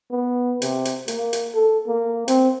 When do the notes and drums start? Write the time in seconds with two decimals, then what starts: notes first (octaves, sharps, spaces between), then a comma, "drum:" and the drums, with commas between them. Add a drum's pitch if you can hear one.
0.11 B3
0.62 C3, drum: hi-hat
0.85 drum: hi-hat
1.08 A#3, drum: hi-hat
1.33 drum: hi-hat
1.54 A4
1.87 A#3
2.28 C4, drum: hi-hat